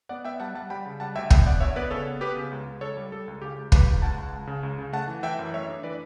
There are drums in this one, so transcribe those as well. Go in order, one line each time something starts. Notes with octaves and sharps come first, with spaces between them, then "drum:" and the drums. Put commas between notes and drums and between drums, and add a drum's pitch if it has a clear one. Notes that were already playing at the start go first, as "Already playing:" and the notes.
B3 D5 F#5
B3 E5 G5
G3 F#5 A5
G3 F#5 A5
G3 G5 B5
C#3
G3 F#5 A5
D2 E5 G5
B3 E5 G5, drum: kick
B3 D5 F#5
D2 C#5 E5
B3 B4 D5
C#3 A4 C#5
B3
B3 G4 B4
C#3
C#2
C#2
C#2 A4 C#5
G3
G3 A4
C#2
C#3 G4
C#2
C#2 G4 B4, drum: kick
C#2
C#2 F#5 A5
C#2
C#2
C#3
C#2
C#3
A3 F#5 A5
E3
E3 E5 G5
F#2
A3 C#5 E5
D4
E3 B4 D5